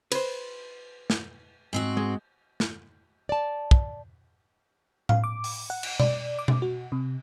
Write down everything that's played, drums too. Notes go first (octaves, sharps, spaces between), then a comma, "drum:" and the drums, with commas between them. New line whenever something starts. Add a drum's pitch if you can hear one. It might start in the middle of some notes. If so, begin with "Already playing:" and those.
B4 C5, drum: cymbal
drum: snare
G#2 C4 F#4
G#3
drum: snare
D5 A5
drum: kick
F5, drum: tom A2
D6
drum: open hi-hat
F#5
drum: cymbal
D5, drum: tom B2
D6
drum: tom B2
F#4
C3